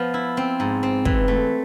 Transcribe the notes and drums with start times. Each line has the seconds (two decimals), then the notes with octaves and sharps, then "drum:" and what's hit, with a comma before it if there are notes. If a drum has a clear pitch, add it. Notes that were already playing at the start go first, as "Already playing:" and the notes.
Already playing: F3 B3
0.14 E4
0.37 C4
0.60 G#2
0.83 C4
1.05 E3, drum: kick
1.28 A3